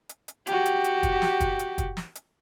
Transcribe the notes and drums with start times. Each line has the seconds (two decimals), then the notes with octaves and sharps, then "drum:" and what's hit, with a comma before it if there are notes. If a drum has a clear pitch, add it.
0.09 drum: hi-hat
0.28 drum: hi-hat
0.47 F#4 G4, drum: hi-hat
0.65 drum: hi-hat
0.84 drum: hi-hat
1.03 drum: kick, hi-hat
1.22 drum: snare
1.40 drum: kick, hi-hat
1.59 drum: hi-hat
1.78 drum: kick, hi-hat
1.97 drum: snare
2.15 drum: hi-hat